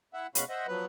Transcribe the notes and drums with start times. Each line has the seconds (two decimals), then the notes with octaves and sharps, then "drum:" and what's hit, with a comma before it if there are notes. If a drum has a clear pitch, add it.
0.14 E4 E5 F#5
0.35 B2 G#3 C#4 F#4 F5 B5, drum: hi-hat
0.49 C5 D#5 E5 F#5
0.67 F3 F#3 B3 B4